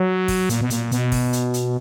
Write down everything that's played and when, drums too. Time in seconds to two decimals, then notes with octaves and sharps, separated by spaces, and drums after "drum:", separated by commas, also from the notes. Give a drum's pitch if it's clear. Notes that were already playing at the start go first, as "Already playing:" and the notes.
Already playing: F#3
0.28 drum: kick, open hi-hat
0.49 A#2, drum: hi-hat
0.61 B2
0.70 A#2, drum: hi-hat
0.92 B2, drum: hi-hat
1.12 drum: kick, open hi-hat
1.33 drum: hi-hat
1.54 drum: hi-hat